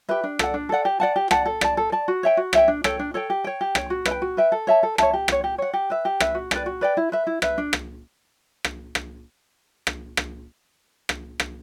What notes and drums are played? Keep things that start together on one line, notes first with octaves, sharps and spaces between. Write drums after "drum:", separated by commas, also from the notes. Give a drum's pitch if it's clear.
G4 B4 E5
D4
A4 D5 F#5, drum: rim click
D4
A4 D5 F#5
G4
D5 F#5 A5
G4
D5 F#5 A5, drum: rim click
A4
D5 A5, drum: rim click
A4
D5 A5
F#4
C#5 E5 G5
F#4
C#5 E5 G5, drum: rim click
D4
A4 C#5 G5, drum: rim click
D4
A4 C#5 G5
G4
C#5 G5
G4
C#5 G5, drum: rim click
F#4
B4 E5, drum: rim click
G5
F#4
B4 E5 G5
A4
C#5 E5 A5
A4
C#5 E5 A5, drum: rim click
G4
C#5 F#5, drum: rim click
G4
C#5 F#5
G4
B4 E5
G4
B4 E5, drum: rim click
F#4
B4 D5 G5, drum: rim click
F#4
B4 D5 G5
E4
B4 E5
E4
B4 E5, drum: rim click
D4
drum: rim click
drum: rim click
drum: rim click
drum: rim click
drum: rim click
drum: rim click
drum: rim click